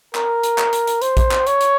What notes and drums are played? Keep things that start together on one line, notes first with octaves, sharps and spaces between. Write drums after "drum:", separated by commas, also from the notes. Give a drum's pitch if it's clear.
A#4, drum: clap
drum: hi-hat
drum: clap
drum: hi-hat
drum: hi-hat
C5, drum: hi-hat
drum: kick A#1, hi-hat
drum: clap
C#5, drum: hi-hat
drum: hi-hat